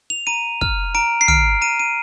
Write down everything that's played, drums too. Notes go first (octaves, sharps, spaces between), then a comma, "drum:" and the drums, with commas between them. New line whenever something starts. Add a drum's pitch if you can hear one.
F7
A#5 D#7
F6, drum: kick
A#5 D7
C7
F6 D7, drum: tom
A#5 D#7
D#7